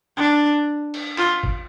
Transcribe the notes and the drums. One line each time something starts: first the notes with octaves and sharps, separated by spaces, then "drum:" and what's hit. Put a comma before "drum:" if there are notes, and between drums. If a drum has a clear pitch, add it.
D4
drum: cymbal
F4, drum: clap
drum: kick